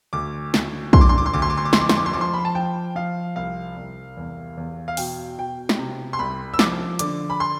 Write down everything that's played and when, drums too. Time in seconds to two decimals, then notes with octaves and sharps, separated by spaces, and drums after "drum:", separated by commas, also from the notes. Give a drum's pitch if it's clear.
0.13 D2 D6
0.54 D2, drum: snare
0.93 D3 C6, drum: kick
1.01 D6
1.09 C6
1.18 D6
1.26 C6
1.33 D2 D6
1.42 C6
1.50 D6
1.57 C6
1.65 D6
1.73 F2 C6, drum: snare
1.81 D6
1.89 C6, drum: snare
1.97 D6
2.06 C6
2.13 F3 D6
2.21 C6
2.34 B5
2.45 A5
2.55 F3 G5
2.95 F3 F5
3.36 C2 F5
3.77 C2
4.17 E2
4.57 E2
4.88 F5
4.97 B2 G5, drum: open hi-hat
5.38 B2 G5
5.69 drum: snare
5.79 C3
6.13 C6
6.19 C2 B5
6.54 E6
6.59 F3 D6, drum: snare
6.99 D3 D6, drum: hi-hat
7.30 B5
7.40 C6